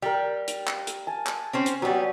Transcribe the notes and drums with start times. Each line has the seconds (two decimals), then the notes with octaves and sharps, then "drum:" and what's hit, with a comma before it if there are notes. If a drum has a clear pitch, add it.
0.02 G3 A#4 G5
0.48 drum: hi-hat
0.67 drum: clap
0.87 drum: hi-hat
1.07 G#5 A5
1.27 drum: clap
1.53 C4 C#4 C5
1.66 drum: hi-hat
1.82 F#3 G3 B3